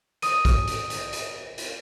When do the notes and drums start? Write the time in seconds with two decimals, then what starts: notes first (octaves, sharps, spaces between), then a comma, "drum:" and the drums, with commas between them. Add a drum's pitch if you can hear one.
0.22 D#6 D#7, drum: hi-hat
0.45 drum: kick A1, hi-hat
0.68 drum: hi-hat
0.90 drum: hi-hat
1.13 drum: hi-hat
1.58 drum: hi-hat